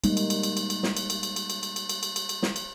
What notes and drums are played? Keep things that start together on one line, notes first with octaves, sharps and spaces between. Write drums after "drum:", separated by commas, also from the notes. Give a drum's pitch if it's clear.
G3 G#3 A#3 D#4, drum: cymbal
drum: cymbal
drum: cymbal
drum: cymbal
drum: cymbal
drum: cymbal
drum: snare
drum: cymbal
drum: cymbal
drum: cymbal
drum: cymbal
drum: cymbal
drum: cymbal
drum: cymbal
drum: cymbal
drum: cymbal
drum: cymbal
drum: cymbal
drum: snare
drum: cymbal